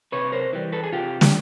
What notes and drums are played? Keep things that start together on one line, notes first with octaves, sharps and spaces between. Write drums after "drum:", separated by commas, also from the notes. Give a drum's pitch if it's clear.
C3 B4 C#5
A#4 C5
E3 G3
A4 B4
G#4
C3 F4 G4
G4, drum: snare